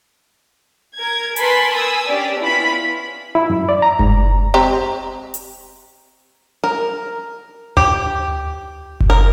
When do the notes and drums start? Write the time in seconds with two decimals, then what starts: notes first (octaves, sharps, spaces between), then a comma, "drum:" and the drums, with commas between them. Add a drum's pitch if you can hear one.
0.96 A#4 G#6
1.36 A#4 B4 G#5 A5 B5 C6, drum: hi-hat
1.75 G#5 D#6 E6
2.08 C#4 D4 G4 D5
2.40 B3 C#4 E4 F4 B5
3.35 E4
3.50 F#2
3.69 D5
3.82 A#5
3.99 G#2, drum: kick F#1
4.54 C4 G4 A#5
5.34 drum: hi-hat
6.64 A#4
7.77 G4, drum: tom D2
9.00 drum: kick F#1
9.10 A#4